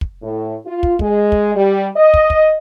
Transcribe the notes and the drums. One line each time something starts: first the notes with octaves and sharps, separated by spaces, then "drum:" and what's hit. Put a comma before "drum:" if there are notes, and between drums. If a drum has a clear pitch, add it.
drum: kick
A2
F4
drum: kick
G#3, drum: kick
drum: kick
G3
D#5
drum: kick
drum: kick